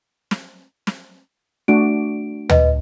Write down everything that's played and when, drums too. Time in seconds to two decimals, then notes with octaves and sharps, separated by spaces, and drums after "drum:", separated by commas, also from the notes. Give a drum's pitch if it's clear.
0.31 drum: snare
0.87 drum: snare
1.68 A3 D4 F#4 D7
2.49 B4 D#5, drum: tom D2